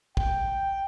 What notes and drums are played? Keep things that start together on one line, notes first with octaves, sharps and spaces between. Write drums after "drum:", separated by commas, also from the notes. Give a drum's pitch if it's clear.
G5, drum: kick